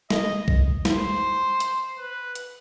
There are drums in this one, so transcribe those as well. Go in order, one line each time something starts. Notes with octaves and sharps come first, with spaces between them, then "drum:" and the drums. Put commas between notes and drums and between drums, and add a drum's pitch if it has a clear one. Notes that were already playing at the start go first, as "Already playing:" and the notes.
D#5, drum: snare
drum: kick B1
C5, drum: snare
drum: hi-hat
B4
drum: hi-hat